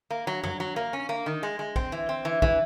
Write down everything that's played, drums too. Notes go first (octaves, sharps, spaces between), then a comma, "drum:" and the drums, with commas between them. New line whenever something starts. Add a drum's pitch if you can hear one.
A#3
F#3
F#3, drum: tom
F#3
A#3
C#4
A#3
D#3
G#3
G#3
C4, drum: kick
E3
C4
E3
E3, drum: kick